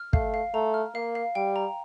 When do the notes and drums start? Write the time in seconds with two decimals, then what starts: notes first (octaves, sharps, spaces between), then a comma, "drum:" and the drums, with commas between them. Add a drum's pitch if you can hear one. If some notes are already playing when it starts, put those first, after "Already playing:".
Already playing: F6
0.13 A3 F5, drum: kick
0.34 F5
0.54 A3 A#5
0.74 F6
0.95 A#3 F5
1.15 F5
1.35 G3 G5
1.56 A#5